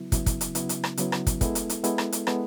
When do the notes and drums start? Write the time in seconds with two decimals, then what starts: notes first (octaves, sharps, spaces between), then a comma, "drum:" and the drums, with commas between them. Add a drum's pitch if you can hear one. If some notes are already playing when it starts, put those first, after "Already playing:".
Already playing: C#3 F#3 B3 E4
0.12 C#3 F#3 B3 E4, drum: kick, hi-hat
0.26 drum: kick, hi-hat
0.41 drum: hi-hat
0.55 C#3 F#3 B3 E4, drum: hi-hat
0.69 drum: hi-hat
0.84 drum: rim click
0.97 C#3 F#3 B3 E4, drum: hi-hat
1.12 drum: rim click
1.27 drum: kick, hi-hat
1.41 G#3 B3 E4 A4, drum: kick, hi-hat
1.55 drum: hi-hat
1.69 drum: hi-hat
1.84 G#3 B3 E4 A4, drum: hi-hat
1.98 drum: rim click
2.12 drum: hi-hat
2.27 G#3 B3 E4 A4, drum: rim click